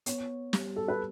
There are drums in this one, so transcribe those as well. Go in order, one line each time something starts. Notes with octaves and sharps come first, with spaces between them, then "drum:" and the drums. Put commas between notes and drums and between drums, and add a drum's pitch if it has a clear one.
B3 C#5, drum: hi-hat
G3, drum: snare
A4
B4